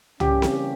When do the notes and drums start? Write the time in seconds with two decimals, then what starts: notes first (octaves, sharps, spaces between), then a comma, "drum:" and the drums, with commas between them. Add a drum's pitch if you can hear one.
0.20 C#3 E3 G3 A#3 C#4 G4, drum: tom
0.42 drum: snare C4